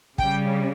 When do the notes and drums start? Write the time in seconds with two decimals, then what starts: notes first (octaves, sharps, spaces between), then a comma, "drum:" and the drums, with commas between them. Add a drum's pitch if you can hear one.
0.18 C#3 G3 G5, drum: kick